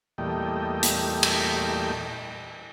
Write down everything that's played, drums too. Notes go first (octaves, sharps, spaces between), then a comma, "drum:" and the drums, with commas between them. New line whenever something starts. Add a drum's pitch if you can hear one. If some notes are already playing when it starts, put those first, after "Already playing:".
E2 A#2 G3 A3 D#5 G5
drum: hi-hat
drum: cymbal